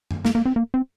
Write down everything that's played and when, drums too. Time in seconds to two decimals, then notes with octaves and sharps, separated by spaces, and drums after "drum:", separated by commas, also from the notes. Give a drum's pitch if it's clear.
0.11 drum: tom F#2
0.25 A#3, drum: snare
0.35 A#3
0.45 C4
0.56 A#3
0.74 C4